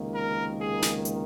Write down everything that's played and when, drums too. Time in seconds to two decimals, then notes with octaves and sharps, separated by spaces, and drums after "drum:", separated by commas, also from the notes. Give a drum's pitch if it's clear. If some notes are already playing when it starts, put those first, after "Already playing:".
Already playing: C#2 C3 D#3 A#3
0.14 A#4
0.60 G#4
0.82 drum: snare
1.05 drum: hi-hat